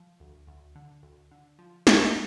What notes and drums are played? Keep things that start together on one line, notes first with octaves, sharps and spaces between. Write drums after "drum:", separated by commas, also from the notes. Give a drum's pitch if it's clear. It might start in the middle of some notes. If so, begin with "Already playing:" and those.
Already playing: F3
D2
D2
D3
D2
D3
F3
F3, drum: snare